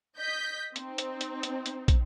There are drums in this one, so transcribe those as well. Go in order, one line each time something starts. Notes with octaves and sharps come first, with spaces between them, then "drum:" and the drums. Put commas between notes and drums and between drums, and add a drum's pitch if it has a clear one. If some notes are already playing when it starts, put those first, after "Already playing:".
D#5 G6 B6
C4 D#4, drum: hi-hat
drum: hi-hat
drum: hi-hat
drum: hi-hat
drum: hi-hat
drum: kick, hi-hat